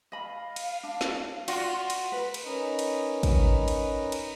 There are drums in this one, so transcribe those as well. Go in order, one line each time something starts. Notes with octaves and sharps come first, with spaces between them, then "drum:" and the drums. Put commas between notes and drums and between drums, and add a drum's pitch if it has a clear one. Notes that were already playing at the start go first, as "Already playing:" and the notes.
D#5 F5 B5
drum: cymbal
D4
drum: snare
F4 F#4 D5, drum: cymbal
drum: cymbal
B4
drum: cymbal
C#4 D#4 A#4 B4 D#5
drum: cymbal
drum: kick, cymbal
drum: cymbal
drum: cymbal